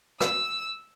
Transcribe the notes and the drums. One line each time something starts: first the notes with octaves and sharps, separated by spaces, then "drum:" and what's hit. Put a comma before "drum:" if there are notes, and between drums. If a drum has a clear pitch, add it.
E6, drum: rim click